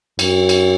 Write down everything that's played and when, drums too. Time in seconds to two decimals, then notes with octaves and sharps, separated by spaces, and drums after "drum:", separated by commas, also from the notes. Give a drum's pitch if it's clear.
0.19 F#2, drum: cymbal
0.49 drum: cymbal